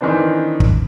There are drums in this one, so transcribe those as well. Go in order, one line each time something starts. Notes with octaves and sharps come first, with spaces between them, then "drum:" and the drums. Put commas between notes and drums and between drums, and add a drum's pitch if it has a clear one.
D#3 E3 B3 C4 D4
drum: kick